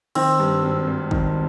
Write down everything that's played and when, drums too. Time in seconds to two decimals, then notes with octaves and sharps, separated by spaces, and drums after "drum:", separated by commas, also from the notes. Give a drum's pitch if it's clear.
0.15 D#3 C4, drum: cymbal
0.40 G2
0.63 G#1
0.87 G#1
1.11 D#3, drum: kick